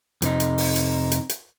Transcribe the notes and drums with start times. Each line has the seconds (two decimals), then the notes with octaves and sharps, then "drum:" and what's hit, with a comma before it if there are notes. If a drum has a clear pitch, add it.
0.22 F2 C3 D#4, drum: hi-hat
0.40 drum: hi-hat
0.58 drum: open hi-hat
0.76 drum: hi-hat
1.12 drum: hi-hat
1.29 drum: hi-hat